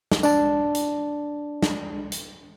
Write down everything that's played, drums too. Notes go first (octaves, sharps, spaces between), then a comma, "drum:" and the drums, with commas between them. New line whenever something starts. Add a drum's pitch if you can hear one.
drum: snare
D4 D5 A5, drum: tambourine
drum: hi-hat
drum: snare
drum: hi-hat